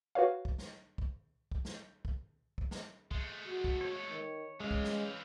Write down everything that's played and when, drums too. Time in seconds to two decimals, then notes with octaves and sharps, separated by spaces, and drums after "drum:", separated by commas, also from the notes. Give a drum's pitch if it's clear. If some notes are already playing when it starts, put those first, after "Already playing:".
0.15 F#4 B4 C#5 F5
0.45 drum: kick
0.58 drum: snare
0.98 drum: kick
1.52 drum: kick
1.65 drum: snare
2.05 drum: kick
2.58 drum: kick
2.71 drum: snare
3.11 G#3 A3, drum: kick
3.47 F#4
3.64 drum: kick
3.81 C#5
4.10 D#3
4.60 E3 G#3 C#4 F4
4.71 drum: kick
4.84 drum: snare